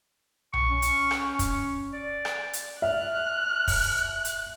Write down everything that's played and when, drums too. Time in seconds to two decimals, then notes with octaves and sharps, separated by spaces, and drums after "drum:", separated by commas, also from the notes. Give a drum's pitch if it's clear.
0.54 C#6, drum: tom B1
0.69 C#4
0.82 drum: hi-hat
1.11 drum: rim click
1.39 drum: kick, hi-hat
1.93 D5
2.25 drum: rim click
2.53 drum: hi-hat
2.82 E5 F6 F#6
3.68 drum: kick, open hi-hat
4.25 drum: hi-hat